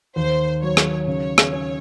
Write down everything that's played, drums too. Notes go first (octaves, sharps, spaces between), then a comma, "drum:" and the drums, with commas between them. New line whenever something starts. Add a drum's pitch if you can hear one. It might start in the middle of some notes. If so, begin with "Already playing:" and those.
D#2 C5
F#3 C#5
drum: rim click
C#3 C#5
drum: rim click
C#4